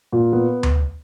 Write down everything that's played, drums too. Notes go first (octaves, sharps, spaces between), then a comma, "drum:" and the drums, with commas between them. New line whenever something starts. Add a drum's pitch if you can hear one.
A#2
B3
drum: tom D2